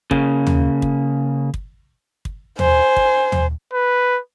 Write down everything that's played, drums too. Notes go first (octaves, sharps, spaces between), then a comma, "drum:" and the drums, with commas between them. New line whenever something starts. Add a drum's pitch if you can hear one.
C#3 A#3, drum: kick
drum: tom
drum: kick
drum: kick
drum: kick
C5 G#5, drum: tom
drum: kick
drum: tom
B4